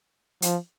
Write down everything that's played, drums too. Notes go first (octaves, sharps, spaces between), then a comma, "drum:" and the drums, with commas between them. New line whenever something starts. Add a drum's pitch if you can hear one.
F3, drum: hi-hat